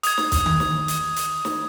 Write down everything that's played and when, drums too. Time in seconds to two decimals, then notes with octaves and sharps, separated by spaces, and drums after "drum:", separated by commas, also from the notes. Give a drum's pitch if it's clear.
0.03 D#6 G#6, drum: hi-hat
0.18 drum: snare
0.32 drum: kick, hi-hat
0.46 drum: tom D#3
0.60 drum: snare
0.88 drum: hi-hat
1.16 drum: hi-hat
1.45 drum: snare